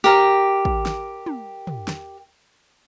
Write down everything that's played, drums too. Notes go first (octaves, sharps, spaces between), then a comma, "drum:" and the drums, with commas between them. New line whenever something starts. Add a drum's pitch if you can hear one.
G4 A#4
drum: kick
drum: snare
drum: tom
drum: tom
drum: snare